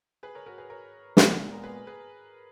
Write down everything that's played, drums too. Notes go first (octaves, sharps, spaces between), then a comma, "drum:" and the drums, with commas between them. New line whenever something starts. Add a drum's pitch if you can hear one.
G#4 B4
A#4 C#5
F#4 A#4
G#4 B4
A#4 C#5
A#2 G#3 B3, drum: snare
A#4
G#4 B4
G#4 B4